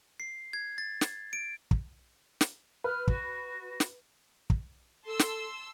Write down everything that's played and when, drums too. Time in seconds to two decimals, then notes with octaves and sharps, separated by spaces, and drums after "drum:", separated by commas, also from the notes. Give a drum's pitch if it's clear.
0.20 C7
0.53 G#6
0.78 A6
1.01 drum: snare
1.33 D7
1.71 drum: kick
2.41 drum: snare
2.84 B4 F6
3.08 F#4, drum: kick
3.80 drum: snare
4.50 drum: kick
5.06 A4 A5 C6 E6
5.19 drum: snare